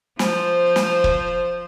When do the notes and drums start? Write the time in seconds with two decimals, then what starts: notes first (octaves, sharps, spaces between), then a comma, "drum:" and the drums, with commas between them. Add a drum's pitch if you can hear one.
0.19 F3 C5, drum: snare
0.76 drum: snare
1.04 drum: kick